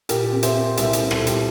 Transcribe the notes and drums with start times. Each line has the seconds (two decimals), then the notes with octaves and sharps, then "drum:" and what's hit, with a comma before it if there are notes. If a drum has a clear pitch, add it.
0.09 A#2 G4 A#4, drum: hi-hat
0.32 C4
0.43 C5 E5, drum: hi-hat
0.55 C4
0.77 C2 C5 E5, drum: hi-hat
0.93 G4, drum: hi-hat
0.99 C4
1.11 A4, drum: rim click
1.21 A#2
1.27 G4 A#4, drum: hi-hat